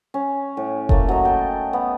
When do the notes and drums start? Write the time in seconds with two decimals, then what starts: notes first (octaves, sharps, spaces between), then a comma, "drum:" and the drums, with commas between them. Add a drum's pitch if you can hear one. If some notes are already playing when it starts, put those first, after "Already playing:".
0.14 C#4
0.57 A2
0.89 A3 A#3, drum: kick F1
1.09 F#3 D#5
1.25 G5 A5
1.73 B3